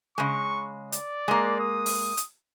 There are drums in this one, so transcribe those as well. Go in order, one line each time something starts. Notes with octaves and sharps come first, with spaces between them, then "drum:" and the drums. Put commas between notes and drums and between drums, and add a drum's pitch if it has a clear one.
C#3 G#3 C#6
D5, drum: hi-hat
G#3 A#3
D#6
drum: open hi-hat
drum: hi-hat